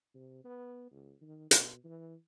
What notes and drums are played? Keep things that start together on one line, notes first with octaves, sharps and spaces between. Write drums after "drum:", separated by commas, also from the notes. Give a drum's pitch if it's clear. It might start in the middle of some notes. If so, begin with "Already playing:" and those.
C3
B3
C#2
D#3
B2, drum: hi-hat
E3